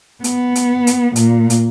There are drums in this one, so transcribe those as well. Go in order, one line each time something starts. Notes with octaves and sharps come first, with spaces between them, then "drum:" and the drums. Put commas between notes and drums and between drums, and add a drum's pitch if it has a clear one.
B3, drum: hi-hat
drum: hi-hat
drum: hi-hat
A#2, drum: hi-hat
drum: hi-hat